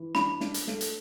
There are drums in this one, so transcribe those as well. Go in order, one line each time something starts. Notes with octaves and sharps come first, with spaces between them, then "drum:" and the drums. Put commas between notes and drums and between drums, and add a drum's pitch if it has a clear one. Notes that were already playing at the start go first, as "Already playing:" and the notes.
Already playing: E3
D4 B5, drum: snare
D4, drum: snare
drum: hi-hat
A3, drum: snare
drum: hi-hat